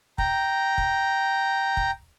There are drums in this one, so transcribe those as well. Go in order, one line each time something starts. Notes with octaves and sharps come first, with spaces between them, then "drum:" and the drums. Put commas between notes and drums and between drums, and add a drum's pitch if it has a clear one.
G5 A#5, drum: kick
drum: kick
drum: kick